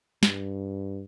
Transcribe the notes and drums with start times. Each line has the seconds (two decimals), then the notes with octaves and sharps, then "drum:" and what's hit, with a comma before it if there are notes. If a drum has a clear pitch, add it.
0.23 G2, drum: snare